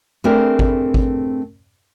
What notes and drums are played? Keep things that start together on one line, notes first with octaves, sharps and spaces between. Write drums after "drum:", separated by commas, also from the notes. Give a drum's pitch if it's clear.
A3 C4 D4 G#4 A#4 B4
drum: kick G#1
drum: kick G#1